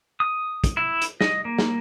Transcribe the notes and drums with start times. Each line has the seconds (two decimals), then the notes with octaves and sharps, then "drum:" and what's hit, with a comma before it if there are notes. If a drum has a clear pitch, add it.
0.20 D#6
0.64 drum: kick, hi-hat
0.77 E4
1.02 drum: hi-hat
1.21 D#5, drum: snare
1.45 A#3
1.58 drum: snare